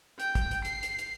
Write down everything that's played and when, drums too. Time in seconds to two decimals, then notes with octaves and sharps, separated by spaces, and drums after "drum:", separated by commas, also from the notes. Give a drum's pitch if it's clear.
0.20 G5, drum: hi-hat
0.35 drum: kick, hi-hat
0.51 drum: hi-hat
0.65 C7, drum: hi-hat
0.83 drum: hi-hat
0.99 drum: hi-hat